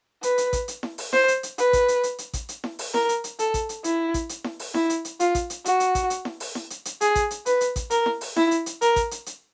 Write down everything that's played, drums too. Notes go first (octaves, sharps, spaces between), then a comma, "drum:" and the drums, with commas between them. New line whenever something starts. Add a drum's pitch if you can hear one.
B4, drum: hi-hat
drum: hi-hat
drum: kick A1, hi-hat
drum: hi-hat
drum: snare E4
drum: open hi-hat
C5, drum: snare E4
drum: hi-hat
drum: hi-hat
B4, drum: hi-hat
drum: kick A1, hi-hat
drum: hi-hat
drum: hi-hat
drum: hi-hat
drum: kick A1, hi-hat
drum: hi-hat
drum: snare E4
drum: open hi-hat
A#4, drum: snare E4
drum: hi-hat
drum: hi-hat
A4, drum: hi-hat
drum: kick A1, hi-hat
drum: hi-hat
E4, drum: hi-hat
drum: kick A1, hi-hat
drum: hi-hat
drum: snare E4
drum: open hi-hat
E4, drum: snare E4
drum: hi-hat
drum: hi-hat
F4, drum: hi-hat
drum: kick A1, hi-hat
drum: hi-hat
F#4, drum: hi-hat
drum: hi-hat
drum: kick A1, hi-hat
drum: hi-hat
drum: snare E4
drum: open hi-hat
drum: snare E4
drum: hi-hat
drum: hi-hat
G#4, drum: hi-hat
drum: kick A1, hi-hat
drum: hi-hat
B4, drum: hi-hat
drum: hi-hat
drum: kick A1, hi-hat
A#4, drum: hi-hat
drum: snare E4
drum: open hi-hat
E4, drum: snare E4
drum: hi-hat
drum: hi-hat
A#4, drum: hi-hat
drum: kick A1, hi-hat
drum: hi-hat
drum: hi-hat